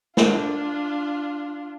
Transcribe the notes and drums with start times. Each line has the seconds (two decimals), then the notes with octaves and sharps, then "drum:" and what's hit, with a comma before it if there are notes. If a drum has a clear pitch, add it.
0.17 D4 F4, drum: snare